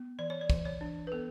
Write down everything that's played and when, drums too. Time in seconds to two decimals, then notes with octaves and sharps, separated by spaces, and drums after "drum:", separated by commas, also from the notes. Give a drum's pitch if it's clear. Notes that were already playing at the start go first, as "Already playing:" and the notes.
Already playing: B3
0.19 E3 D5
0.30 C#5
0.41 D5
0.50 E3, drum: kick
0.65 C#5
0.81 D4
1.07 B4
1.12 B3 A4